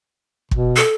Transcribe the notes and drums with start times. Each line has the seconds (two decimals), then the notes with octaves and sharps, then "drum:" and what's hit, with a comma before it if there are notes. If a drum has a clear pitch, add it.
0.51 B2, drum: kick
0.76 A4